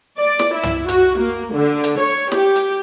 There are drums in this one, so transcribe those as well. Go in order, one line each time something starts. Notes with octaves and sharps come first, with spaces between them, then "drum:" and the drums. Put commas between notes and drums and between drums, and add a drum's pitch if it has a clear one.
D5
drum: snare
E4
drum: tom
F#4, drum: hi-hat
A#3
D3
drum: hi-hat
C#5
G4, drum: snare
drum: hi-hat